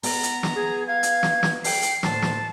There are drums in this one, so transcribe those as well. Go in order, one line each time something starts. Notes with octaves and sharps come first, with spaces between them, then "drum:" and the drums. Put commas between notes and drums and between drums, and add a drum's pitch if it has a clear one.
B3 A#5, drum: open hi-hat
drum: hi-hat
drum: snare
G#4
F5 G#6
drum: hi-hat
drum: snare
drum: snare
G5 C7, drum: open hi-hat
drum: hi-hat
D2 A2 C5 A5, drum: snare
drum: snare